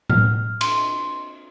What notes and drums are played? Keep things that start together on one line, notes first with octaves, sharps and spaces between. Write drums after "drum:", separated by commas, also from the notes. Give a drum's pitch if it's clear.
F6, drum: tom A2
C6, drum: cymbal